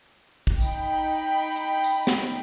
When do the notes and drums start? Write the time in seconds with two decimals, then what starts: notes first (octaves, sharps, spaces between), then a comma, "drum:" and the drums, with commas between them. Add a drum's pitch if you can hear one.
0.47 drum: kick
0.60 D#4 G5 B5, drum: tambourine
1.56 drum: hi-hat
1.84 drum: tambourine
2.07 drum: snare